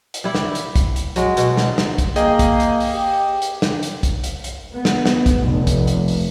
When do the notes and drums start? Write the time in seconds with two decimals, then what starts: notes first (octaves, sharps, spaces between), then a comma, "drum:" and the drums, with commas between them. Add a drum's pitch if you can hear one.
0.14 drum: hi-hat
0.24 G3 E4
0.35 drum: snare
0.55 drum: hi-hat
0.76 drum: kick, hi-hat
0.96 drum: hi-hat
1.16 F#3 G#3, drum: hi-hat
1.37 B2, drum: hi-hat
1.57 drum: snare
1.78 drum: snare
1.98 drum: kick, hi-hat
2.16 A#3 G#4 D#5 G5, drum: hi-hat
2.39 drum: kick, hi-hat
2.60 drum: hi-hat
2.80 drum: open hi-hat
2.93 G4
3.42 drum: hi-hat
3.62 drum: snare
3.83 drum: hi-hat
4.03 drum: kick, hi-hat
4.24 drum: hi-hat
4.44 drum: hi-hat
4.73 B3
4.85 drum: snare
5.06 drum: snare
5.26 drum: kick, hi-hat
5.41 F1
5.67 drum: kick, hi-hat
5.87 drum: hi-hat
6.08 drum: open hi-hat